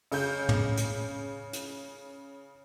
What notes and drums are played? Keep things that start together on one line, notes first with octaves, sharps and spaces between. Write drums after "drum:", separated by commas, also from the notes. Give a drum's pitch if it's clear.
C#3 G6, drum: open hi-hat
drum: tom
drum: hi-hat
drum: hi-hat